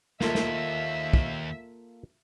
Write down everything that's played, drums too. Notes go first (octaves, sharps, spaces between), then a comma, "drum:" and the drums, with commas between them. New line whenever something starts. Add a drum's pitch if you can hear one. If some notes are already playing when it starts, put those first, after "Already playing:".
D#2 A#3 F4 A4 E5, drum: snare
drum: snare
drum: kick